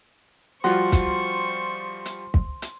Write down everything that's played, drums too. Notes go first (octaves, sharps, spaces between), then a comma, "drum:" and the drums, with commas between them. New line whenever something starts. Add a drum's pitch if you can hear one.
F3 G3 F4 F#4 C5 C6 C#6
drum: kick, hi-hat
drum: hi-hat
drum: kick
drum: hi-hat